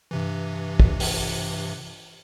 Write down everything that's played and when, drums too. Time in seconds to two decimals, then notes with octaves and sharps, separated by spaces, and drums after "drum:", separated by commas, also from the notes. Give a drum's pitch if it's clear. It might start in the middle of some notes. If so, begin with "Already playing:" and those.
0.11 G2 C3 E3
0.80 drum: kick
1.00 drum: open hi-hat